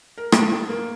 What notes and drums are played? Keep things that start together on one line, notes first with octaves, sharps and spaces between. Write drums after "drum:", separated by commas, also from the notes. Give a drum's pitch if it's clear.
A#4
D7, drum: rim click
A#3